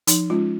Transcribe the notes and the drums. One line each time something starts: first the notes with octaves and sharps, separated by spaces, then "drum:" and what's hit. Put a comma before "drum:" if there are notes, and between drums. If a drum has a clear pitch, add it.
F3 D#4, drum: hi-hat
G#3 C#4 F4